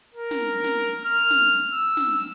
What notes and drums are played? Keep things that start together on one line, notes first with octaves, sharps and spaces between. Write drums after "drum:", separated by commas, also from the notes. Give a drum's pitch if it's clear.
A#4
drum: snare
drum: snare
F6
drum: snare
E6
drum: snare